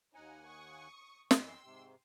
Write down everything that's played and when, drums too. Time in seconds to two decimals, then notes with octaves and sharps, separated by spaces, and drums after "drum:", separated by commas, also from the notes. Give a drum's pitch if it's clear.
0.15 D#2 D#4 F#5 G#5
0.47 C#6 D#6
1.31 F#2 E3 G5 C6 E6, drum: snare
1.64 G#2 C3